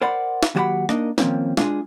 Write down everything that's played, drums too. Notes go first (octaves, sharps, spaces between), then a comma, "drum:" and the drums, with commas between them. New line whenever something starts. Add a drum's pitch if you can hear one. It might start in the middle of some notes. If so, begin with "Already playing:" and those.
A#4 C5 D5 F#5 B5
drum: snare
D#2 F#3 F#4 G4 F#5 B5
A#3 D4 D#4 A#4 D#5, drum: rim click
D#3 F3 F#3 A#3 C4 C#4, drum: snare
G#3 B3 D4 D#4 F4 G#4, drum: snare